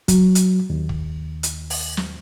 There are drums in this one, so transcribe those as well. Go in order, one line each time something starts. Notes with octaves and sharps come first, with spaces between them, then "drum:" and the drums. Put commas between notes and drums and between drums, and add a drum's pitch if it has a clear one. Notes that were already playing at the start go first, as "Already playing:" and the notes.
F#3, drum: kick, hi-hat
drum: hi-hat
D#2
drum: kick
drum: hi-hat
drum: open hi-hat
drum: snare